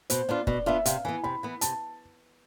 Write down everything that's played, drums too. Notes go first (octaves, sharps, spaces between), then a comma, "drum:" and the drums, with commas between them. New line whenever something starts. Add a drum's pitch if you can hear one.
B2 C5, drum: hi-hat
B3 D4 F4 D5
B2 D5, drum: kick
B3 D4 F4 E5
C3 F5, drum: hi-hat
E3 B3 G#5
C3 B5
E3 B3
C3 A5, drum: hi-hat